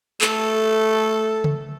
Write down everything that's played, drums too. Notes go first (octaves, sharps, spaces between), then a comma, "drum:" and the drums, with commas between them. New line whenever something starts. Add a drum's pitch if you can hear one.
A3 A4, drum: clap
drum: tom C#3